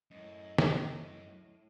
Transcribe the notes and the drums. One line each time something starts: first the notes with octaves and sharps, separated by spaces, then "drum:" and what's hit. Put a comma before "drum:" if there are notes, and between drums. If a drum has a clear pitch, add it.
F#2 A2 D#5
drum: snare